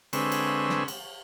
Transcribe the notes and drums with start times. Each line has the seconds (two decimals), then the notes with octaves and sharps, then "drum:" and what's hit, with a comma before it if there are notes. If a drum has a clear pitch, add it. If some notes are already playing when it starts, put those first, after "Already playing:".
0.13 D3 G#3 C4 B4 C#5 E6, drum: cymbal
0.32 drum: cymbal
0.69 drum: snare
0.88 drum: cymbal